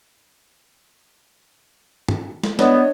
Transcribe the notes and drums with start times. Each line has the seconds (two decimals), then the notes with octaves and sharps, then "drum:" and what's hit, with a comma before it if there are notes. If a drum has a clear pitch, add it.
2.09 drum: tom
2.43 drum: snare
2.59 B3 D4 C#5 D#5, drum: snare